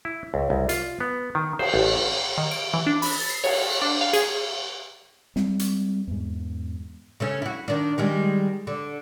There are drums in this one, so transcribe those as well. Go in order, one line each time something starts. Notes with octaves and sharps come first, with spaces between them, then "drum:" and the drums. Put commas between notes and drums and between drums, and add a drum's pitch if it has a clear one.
E4
C#2
C2
F4, drum: hi-hat
B3
D#3
C5, drum: cymbal
A1
D#3
D7
E3
D4
B5, drum: open hi-hat
A6
C7
C#5, drum: cymbal
D4
F5
G#4, drum: hi-hat
G3 G#3 C4, drum: snare
drum: hi-hat
E2 G#2
C#3 A3 C#4
E4 F#4
D#3 D4
D#3 G3 G#3
D3